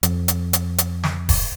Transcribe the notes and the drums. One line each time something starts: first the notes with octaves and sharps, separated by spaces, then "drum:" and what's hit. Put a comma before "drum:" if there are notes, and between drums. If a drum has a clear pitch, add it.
F2, drum: hi-hat
drum: hi-hat
drum: hi-hat
drum: hi-hat
drum: snare
drum: kick E1, open hi-hat